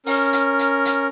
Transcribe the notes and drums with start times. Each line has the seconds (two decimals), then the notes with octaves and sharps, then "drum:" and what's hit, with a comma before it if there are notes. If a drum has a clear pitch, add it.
0.06 C#4 A#4, drum: open hi-hat
0.33 drum: hi-hat
0.59 drum: hi-hat
0.85 drum: hi-hat